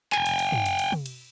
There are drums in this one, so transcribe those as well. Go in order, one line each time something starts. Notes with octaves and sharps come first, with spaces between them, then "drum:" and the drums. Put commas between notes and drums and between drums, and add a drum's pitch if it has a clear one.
G5 G#5, drum: clap
drum: cymbal
drum: cymbal
drum: tom
drum: cymbal
drum: cymbal
drum: tom
drum: cymbal